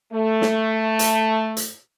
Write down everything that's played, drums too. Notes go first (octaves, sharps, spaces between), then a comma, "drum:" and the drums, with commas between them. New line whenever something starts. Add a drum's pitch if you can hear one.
A3
drum: snare
drum: hi-hat
drum: hi-hat